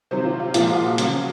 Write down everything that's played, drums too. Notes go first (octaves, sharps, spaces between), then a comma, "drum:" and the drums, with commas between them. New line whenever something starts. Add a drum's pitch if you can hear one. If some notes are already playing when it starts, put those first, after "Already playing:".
C3 D#3 F#3 C5
F4
F4
A#2 F3 G#3 F4, drum: hi-hat
F#4
F#4
C#3 F#3 F#4, drum: hi-hat